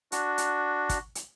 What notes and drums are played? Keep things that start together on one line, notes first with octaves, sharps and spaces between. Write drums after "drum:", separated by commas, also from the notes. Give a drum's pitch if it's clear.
D4 F#4, drum: hi-hat
drum: hi-hat
drum: kick, hi-hat
drum: hi-hat